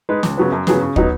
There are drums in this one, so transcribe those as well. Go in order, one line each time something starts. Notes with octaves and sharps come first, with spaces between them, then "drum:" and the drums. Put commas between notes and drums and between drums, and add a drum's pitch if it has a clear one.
G#3 D#4 B4
C#2, drum: snare
C#3 F#3 B3
F#2
C#3 F#3 B3 G#4, drum: snare
C#3
F#3 B3 D#4, drum: kick